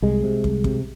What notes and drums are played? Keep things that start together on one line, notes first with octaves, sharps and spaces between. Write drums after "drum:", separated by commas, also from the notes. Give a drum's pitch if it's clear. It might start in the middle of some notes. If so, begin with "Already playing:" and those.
C2 G#3
C3
C2, drum: kick
C3, drum: kick